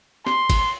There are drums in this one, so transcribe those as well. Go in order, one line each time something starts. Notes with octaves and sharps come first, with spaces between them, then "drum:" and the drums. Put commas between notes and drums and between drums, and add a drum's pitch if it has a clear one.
C6, drum: snare
drum: kick G1, cymbal